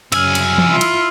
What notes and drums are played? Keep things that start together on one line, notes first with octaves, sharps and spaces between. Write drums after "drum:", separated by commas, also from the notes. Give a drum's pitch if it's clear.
C2 F#2 C#3 G#5 E6 F6, drum: cymbal
drum: cymbal
drum: tom E3
E4 F4
drum: cymbal